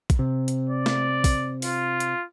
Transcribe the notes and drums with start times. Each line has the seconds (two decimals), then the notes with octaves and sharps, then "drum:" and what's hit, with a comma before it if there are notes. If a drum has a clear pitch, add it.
0.10 drum: kick, hi-hat
0.19 C3
0.48 drum: hi-hat
0.69 D5
0.86 drum: snare
1.24 drum: kick, open hi-hat
1.62 F4, drum: open hi-hat
2.00 drum: hi-hat